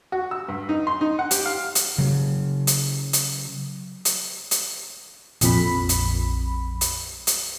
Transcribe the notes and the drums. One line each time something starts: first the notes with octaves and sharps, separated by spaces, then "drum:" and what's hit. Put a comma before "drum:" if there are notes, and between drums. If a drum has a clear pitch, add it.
F#4
E6
G2
D#4
C6
D#4
F#5
G4, drum: hi-hat
F5
drum: hi-hat
C#3 F#3
drum: hi-hat
drum: hi-hat
drum: hi-hat
drum: hi-hat
A#1 F2 B5, drum: hi-hat
drum: hi-hat
drum: hi-hat
drum: hi-hat